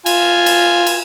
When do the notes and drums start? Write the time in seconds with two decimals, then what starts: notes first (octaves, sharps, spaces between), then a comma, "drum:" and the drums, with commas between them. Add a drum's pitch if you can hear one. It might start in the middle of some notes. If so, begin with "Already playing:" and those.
0.06 F4 G#5, drum: cymbal
0.46 drum: cymbal
0.87 drum: cymbal